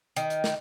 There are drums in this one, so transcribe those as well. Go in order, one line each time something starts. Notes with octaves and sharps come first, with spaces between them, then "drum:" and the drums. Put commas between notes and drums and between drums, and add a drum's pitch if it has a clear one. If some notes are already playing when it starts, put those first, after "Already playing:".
D#3, drum: hi-hat
drum: hi-hat
drum: snare